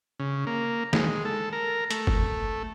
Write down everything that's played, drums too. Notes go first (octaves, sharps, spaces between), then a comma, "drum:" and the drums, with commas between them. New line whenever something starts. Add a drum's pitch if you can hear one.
C#3
A#3
G#3, drum: snare
A4
A#4
A3, drum: hi-hat
drum: kick